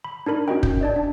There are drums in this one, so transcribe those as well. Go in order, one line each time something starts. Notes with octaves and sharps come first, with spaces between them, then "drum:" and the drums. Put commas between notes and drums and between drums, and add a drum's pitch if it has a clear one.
B5
D4 D#4 A#4 B5
C#4 F#4 D#5 G5
G6, drum: kick
D4 D5 D#5
D4